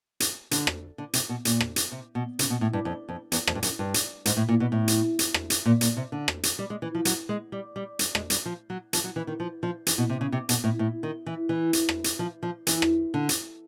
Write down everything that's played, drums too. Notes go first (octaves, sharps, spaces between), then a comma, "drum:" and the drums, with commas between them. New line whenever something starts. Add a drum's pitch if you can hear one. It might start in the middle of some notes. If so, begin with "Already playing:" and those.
drum: hi-hat
D3, drum: hi-hat
drum: rim click
D3
C3, drum: hi-hat
B2
A#2, drum: hi-hat
drum: rim click
drum: hi-hat
C3
B2
C#3, drum: hi-hat
B2
A2
G2
F2
F2
E2, drum: hi-hat
F2, drum: rim click
G2
F#2, drum: hi-hat
G2
drum: hi-hat
G#2, drum: hi-hat
A2
A#2
B2
A2
drum: hi-hat
drum: hi-hat
drum: rim click
drum: hi-hat
A#2
A#2, drum: hi-hat
C3
D3
drum: rim click
drum: hi-hat
G3
G#3
E3
F3
F#3, drum: hi-hat
G#3
G3
G3
G3, drum: hi-hat
G#3, drum: rim click
G3, drum: hi-hat
F3
F#3
F3, drum: hi-hat
F#3
E3
D#3
F3
F3
E3, drum: hi-hat
B2
C3
C#3
C3
B2, drum: hi-hat
A2
A2
D#3
E3
E3
drum: hi-hat
drum: rim click
drum: hi-hat
F3
F3
E3, drum: hi-hat
drum: rim click
D3
drum: hi-hat